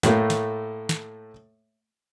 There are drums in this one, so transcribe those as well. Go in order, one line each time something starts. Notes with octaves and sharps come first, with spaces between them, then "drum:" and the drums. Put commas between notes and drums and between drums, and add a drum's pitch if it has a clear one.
A2 A3 A#3, drum: snare
drum: snare
drum: snare